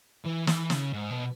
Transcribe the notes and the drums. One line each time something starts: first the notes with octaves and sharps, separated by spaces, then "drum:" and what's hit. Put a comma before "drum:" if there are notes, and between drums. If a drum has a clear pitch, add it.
E3
E3, drum: snare
C#3, drum: snare
G#2
B2